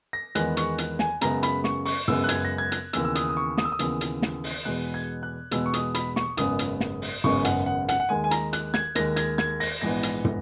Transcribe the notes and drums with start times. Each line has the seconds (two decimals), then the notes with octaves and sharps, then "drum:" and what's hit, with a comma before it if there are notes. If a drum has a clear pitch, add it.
0.13 A#6
0.35 E2 D#3 G#3 B3 F#6, drum: hi-hat
0.57 C#6, drum: hi-hat
0.78 drum: hi-hat
0.99 G#5, drum: snare
1.21 F#2 C#3 G#3 B3 A#5, drum: hi-hat
1.43 B5, drum: hi-hat
1.64 C#6, drum: snare
1.85 C#6, drum: open hi-hat
2.08 F#2 C#3 G#3 B3 E6, drum: tom
2.24 F#6
2.29 G#6, drum: hi-hat
2.45 A#6
2.58 G#6
2.72 F#6, drum: hi-hat
2.93 D#2 C#3 E3 B3 E6, drum: hi-hat
3.05 E6
3.15 D#6, drum: hi-hat
3.29 D#6
3.37 C#6
3.58 D#6, drum: snare
3.65 E6
3.72 D#6
3.79 D#2 C#3 E3 B3, drum: hi-hat
4.01 drum: hi-hat
4.22 drum: snare
4.44 drum: open hi-hat
4.65 E2 B2 G#3 B3 F#6
4.94 G#6
5.23 F#6
5.51 E2 B2 G#3 B3 E6, drum: hi-hat
5.66 C#6
5.73 D#6, drum: hi-hat
5.94 B5, drum: hi-hat
6.16 C#6, drum: snare
6.37 G#1 F#2 C#3 G#3 B3 D#6, drum: hi-hat
6.59 drum: hi-hat
6.80 drum: snare
7.02 drum: open hi-hat
7.24 G#1 F#2 C#3 G#3 B3 C#6, drum: tom
7.45 F#5, drum: hi-hat
7.66 F#5
7.89 F#5, drum: hi-hat
8.00 F#5
8.09 D#2 D#3 G#3 G#5
8.24 G#5
8.31 A#5, drum: hi-hat
8.53 F#6, drum: hi-hat
8.74 G#6, drum: snare
8.95 D#2 D#3 G#3 A#6, drum: hi-hat
9.16 G#6, drum: hi-hat
9.38 G#6, drum: snare
9.60 A#6, drum: open hi-hat
9.81 A#1 G#2 E3 B3 A#6
10.03 drum: hi-hat
10.24 drum: tom